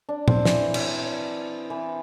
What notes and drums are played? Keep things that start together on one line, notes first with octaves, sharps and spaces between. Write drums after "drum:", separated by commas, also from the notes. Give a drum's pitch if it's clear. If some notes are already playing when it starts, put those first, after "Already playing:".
D4
C4, drum: tom A#2
E3, drum: snare
drum: cymbal
E3